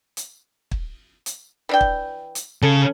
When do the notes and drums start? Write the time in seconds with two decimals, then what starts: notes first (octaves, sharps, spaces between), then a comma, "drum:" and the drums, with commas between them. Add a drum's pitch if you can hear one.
0.17 drum: hi-hat
0.71 drum: kick
1.26 drum: hi-hat
1.69 E3 D4 G5
1.81 drum: kick
2.35 drum: hi-hat
2.62 C#3 A4